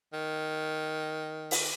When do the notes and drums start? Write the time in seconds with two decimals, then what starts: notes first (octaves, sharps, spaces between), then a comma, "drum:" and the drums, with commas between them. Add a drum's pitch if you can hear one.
0.13 D#3
1.51 drum: open hi-hat